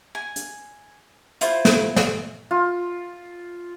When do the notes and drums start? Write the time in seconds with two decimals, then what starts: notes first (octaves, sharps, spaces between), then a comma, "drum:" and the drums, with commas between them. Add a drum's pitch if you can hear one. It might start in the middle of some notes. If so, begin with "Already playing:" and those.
0.15 G#5
0.36 drum: hi-hat
1.41 E4 F4 C5, drum: hi-hat
1.65 drum: snare
1.96 drum: snare
2.51 F4